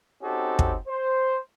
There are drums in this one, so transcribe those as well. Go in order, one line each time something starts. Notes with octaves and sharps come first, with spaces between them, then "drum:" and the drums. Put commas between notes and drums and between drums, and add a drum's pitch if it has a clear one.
C4 C#4 D#4 F#4 G4 A4
drum: kick
C5